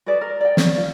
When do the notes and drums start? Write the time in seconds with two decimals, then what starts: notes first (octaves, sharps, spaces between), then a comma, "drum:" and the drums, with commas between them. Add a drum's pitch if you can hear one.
0.06 F#4 G#4 B4 D5
0.21 A#4
0.41 D5 G5
0.57 C#4, drum: snare
0.77 F4